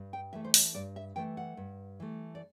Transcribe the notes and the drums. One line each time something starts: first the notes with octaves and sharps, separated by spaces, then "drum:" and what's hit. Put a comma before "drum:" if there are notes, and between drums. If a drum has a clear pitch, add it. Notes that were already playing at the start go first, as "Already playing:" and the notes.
Already playing: G2
G5
E3 A3 E5
C5
D5, drum: open hi-hat
G2 D5
E5
E3 A3 G5
F#5
G2
E3 A3
D5